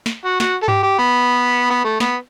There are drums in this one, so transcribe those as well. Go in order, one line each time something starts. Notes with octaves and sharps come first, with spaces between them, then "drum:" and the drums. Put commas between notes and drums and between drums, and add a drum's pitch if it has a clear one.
drum: snare
F#4
F#4, drum: snare
A4
G4, drum: tom G2
G4
B3
B3
A3
B3, drum: snare